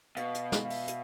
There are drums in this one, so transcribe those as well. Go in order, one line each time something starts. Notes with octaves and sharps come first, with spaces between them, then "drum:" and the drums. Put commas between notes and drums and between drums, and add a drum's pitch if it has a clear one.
B2 F5, drum: hi-hat
drum: hi-hat
drum: snare
F5
E5, drum: open hi-hat
drum: hi-hat